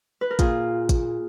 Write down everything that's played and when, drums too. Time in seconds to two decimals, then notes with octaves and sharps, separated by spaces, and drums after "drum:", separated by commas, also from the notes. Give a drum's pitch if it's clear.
0.21 B4
0.31 A#4
0.39 A#2 F4 G#4, drum: kick, hi-hat
0.89 drum: kick, hi-hat